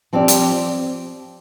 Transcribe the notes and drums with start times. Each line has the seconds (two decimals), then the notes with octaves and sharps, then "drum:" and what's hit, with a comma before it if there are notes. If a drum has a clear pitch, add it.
0.13 F3 C4 G4 D5
0.28 drum: hi-hat